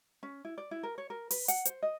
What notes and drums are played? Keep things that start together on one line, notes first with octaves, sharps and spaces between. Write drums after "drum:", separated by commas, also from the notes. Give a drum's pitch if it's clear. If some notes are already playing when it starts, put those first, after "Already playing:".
C#4
E4
D5
E4
A#4
C#5
A#4
B4, drum: open hi-hat
F#5, drum: hi-hat
C5, drum: hi-hat
D#5